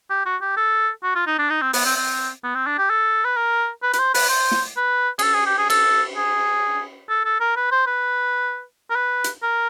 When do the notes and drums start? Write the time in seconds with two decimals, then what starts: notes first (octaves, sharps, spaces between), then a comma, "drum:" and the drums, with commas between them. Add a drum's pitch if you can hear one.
0.10 G4
0.26 F#4
0.41 G4
0.57 A4
1.04 F#4
1.15 F4
1.27 D#4
1.39 D4
1.50 D#4
1.62 C4
1.73 B3, drum: open hi-hat
1.85 C4
1.96 C4
2.44 B3
2.55 C4
2.67 D4
2.79 G4
2.90 A4
3.25 B4
3.37 A#4
3.83 B4
3.93 B4, drum: hi-hat
3.99 C5
4.14 B4, drum: open hi-hat
4.29 C5
4.51 drum: snare
4.77 B4
5.19 G#4, drum: cymbal
5.23 A4
5.34 G#4
5.46 G4
5.58 G#4
5.70 A4, drum: cymbal
6.16 G#4
7.09 A4
7.25 A4
7.41 A#4
7.56 B4
7.72 C5
7.87 B4
8.90 A#4
8.96 B4
9.24 drum: hi-hat
9.43 A#4